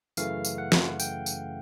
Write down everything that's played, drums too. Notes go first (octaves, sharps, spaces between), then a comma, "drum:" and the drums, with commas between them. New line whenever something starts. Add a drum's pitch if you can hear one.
F#2 C#3 E3 A3 F5, drum: tambourine
drum: tambourine
F#5
drum: snare
G5, drum: tambourine
drum: tambourine